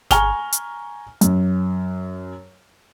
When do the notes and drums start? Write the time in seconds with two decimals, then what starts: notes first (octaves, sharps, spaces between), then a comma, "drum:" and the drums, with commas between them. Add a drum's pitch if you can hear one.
0.11 G#5 A#5 C#6 F6 F7 G7, drum: snare G1
0.52 drum: hi-hat
1.21 F#2, drum: hi-hat